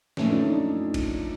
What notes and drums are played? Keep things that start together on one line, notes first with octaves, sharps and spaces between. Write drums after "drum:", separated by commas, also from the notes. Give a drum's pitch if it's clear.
A#2 F3 A3 C#4, drum: snare
D4
D#4
drum: kick, cymbal